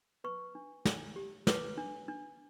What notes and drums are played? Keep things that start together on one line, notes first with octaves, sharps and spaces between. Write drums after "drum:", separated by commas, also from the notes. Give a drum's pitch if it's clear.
B4 C#6
D4
D4, drum: snare
G4
B4 D6, drum: snare
D4
D4